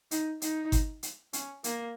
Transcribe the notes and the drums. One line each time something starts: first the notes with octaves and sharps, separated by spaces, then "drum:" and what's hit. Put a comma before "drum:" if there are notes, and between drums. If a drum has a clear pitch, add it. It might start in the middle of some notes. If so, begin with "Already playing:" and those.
D#4, drum: hi-hat
D#4, drum: hi-hat
drum: kick G1, hi-hat
drum: hi-hat
C#4, drum: hi-hat
A#3, drum: hi-hat